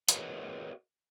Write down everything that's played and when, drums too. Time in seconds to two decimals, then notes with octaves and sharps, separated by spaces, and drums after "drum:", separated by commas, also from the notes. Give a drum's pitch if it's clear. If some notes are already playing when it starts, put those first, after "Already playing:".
0.08 F#4 G#4 A#4 B4 C#5 D#5, drum: hi-hat